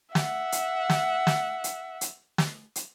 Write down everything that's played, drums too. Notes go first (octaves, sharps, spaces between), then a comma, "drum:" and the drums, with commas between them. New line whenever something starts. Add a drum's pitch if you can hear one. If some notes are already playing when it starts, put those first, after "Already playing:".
E5 F#5, drum: snare
drum: hi-hat
drum: snare
drum: snare
drum: hi-hat
drum: hi-hat
drum: snare
drum: hi-hat